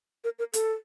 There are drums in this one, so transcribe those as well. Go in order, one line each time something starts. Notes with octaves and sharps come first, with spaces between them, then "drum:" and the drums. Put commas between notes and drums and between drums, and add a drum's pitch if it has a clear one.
A#4
A#4
A4, drum: hi-hat